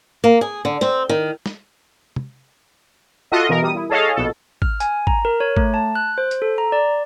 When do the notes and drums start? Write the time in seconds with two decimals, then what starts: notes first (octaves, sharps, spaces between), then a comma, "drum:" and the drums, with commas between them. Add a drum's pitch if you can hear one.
0.24 A#3
0.41 G#4
0.65 D3
0.81 C4, drum: snare
1.09 D#3
1.46 drum: snare
2.16 drum: tom
3.31 F4 F#4 A4 D#5 E5
3.49 B2 E3 A#4
3.62 G3 D#6
3.75 E4
3.89 G#4 A4 C#5 D#5 F5
4.16 A#1 B2 A4
4.62 F6, drum: kick G#1
4.80 G#5, drum: hi-hat
5.07 A#5, drum: kick G#1
5.25 A#4
5.40 C#5
5.57 A3, drum: kick G#1
5.74 A5
5.95 F#6
6.18 C5
6.31 drum: hi-hat
6.42 A4
6.58 A#5
6.72 D5